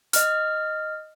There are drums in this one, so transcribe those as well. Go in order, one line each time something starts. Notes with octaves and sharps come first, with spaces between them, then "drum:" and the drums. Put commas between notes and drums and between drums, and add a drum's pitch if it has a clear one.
D#5 F6, drum: hi-hat